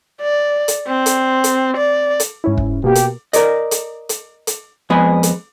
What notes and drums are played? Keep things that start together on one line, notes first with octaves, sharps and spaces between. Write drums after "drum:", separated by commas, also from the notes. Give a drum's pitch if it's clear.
D5
drum: hi-hat
C4
drum: hi-hat
drum: hi-hat
D5
drum: hi-hat
G#2 C#4 E4
drum: kick
B2 A#3 G4
drum: hi-hat
A#4 D5 D#5, drum: hi-hat
drum: hi-hat
drum: hi-hat
drum: hi-hat
F2 G#3 B3 G#4 B5
drum: hi-hat